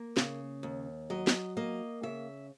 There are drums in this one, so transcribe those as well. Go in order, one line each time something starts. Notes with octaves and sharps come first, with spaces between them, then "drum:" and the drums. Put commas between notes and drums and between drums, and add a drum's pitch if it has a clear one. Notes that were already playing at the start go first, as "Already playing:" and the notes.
Already playing: A#3
C#3, drum: snare
D#2
F#3 D#5
drum: snare
A#3 D#5
C#3 E5